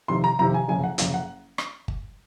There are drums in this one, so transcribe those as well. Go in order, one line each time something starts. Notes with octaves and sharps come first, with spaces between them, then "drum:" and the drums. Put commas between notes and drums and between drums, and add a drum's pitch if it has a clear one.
F1 F2 C3 D#3 C6
A#5
F1 F2 C3 D#3 A#5
G#5
F#1 F2 C#3 G#5
F#5
F#1 F2 C#3 F5, drum: hi-hat
F#5
drum: rim click
drum: kick G1